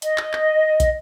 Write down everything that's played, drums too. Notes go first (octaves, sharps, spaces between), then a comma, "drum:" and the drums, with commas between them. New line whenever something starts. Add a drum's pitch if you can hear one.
D#5, drum: hi-hat
drum: clap
drum: clap
drum: kick, hi-hat